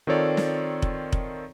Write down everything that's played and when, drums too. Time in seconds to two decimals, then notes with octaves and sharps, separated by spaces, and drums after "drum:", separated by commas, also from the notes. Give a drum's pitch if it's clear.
0.07 D#3 C4 F4 A4 C#5 D5
0.37 drum: snare
0.82 drum: kick F1
1.12 drum: kick F1